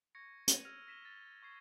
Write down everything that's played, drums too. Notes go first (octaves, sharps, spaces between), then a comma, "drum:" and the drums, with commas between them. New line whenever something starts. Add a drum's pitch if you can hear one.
C#6 G#6 A#6 C#7
D#7, drum: hi-hat
E6 F6 G#6 A#6 C#7 F7
A#6 B6 E7 G7
A6
C#6 G#6 C7